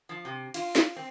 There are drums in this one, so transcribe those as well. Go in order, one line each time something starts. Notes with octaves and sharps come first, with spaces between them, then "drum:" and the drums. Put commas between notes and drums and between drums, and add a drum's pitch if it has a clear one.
F3
C3
F4, drum: cymbal
drum: snare
C4